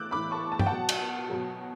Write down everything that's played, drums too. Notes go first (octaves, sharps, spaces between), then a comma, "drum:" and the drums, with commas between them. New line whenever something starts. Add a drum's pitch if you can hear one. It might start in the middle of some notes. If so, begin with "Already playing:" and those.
Already playing: A2 E3 D6 E6 F#6 G6 A6
A2 E3 B5 D6
A5 C#6
A5
G5, drum: tom G2
F#5 A5
B2 F#3
drum: cymbal
B2 F#3